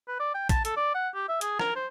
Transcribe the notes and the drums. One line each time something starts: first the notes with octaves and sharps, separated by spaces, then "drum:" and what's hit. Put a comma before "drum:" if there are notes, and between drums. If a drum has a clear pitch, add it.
B4
D5
G5
A5, drum: kick, hi-hat
A4, drum: hi-hat
D5
F#5
G4
E5
G#4, drum: hi-hat
A#4, drum: rim click
C5